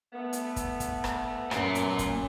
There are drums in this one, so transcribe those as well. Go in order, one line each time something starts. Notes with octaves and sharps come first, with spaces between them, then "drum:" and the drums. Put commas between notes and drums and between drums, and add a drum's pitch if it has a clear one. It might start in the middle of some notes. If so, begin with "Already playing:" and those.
A3 B3
drum: hi-hat
drum: kick, hi-hat
drum: kick, hi-hat
drum: rim click
F#2 A#2, drum: rim click
drum: hi-hat
drum: kick, hi-hat